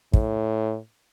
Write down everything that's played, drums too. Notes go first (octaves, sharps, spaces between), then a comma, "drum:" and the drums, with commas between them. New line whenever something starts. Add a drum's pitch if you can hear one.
A2, drum: kick